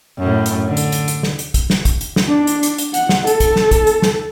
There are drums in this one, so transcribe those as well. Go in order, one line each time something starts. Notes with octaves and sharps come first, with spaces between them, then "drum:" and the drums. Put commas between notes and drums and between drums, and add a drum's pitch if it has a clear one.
F#2 A2
drum: hi-hat
D3
drum: hi-hat
drum: hi-hat
drum: hi-hat
drum: snare
drum: hi-hat
drum: kick, hi-hat
drum: snare
drum: kick, hi-hat
drum: hi-hat
drum: snare
D4
drum: hi-hat
drum: hi-hat
drum: hi-hat
F#5, drum: hi-hat
drum: snare
A4, drum: hi-hat
drum: kick, hi-hat
drum: snare
drum: kick, hi-hat
drum: hi-hat
drum: snare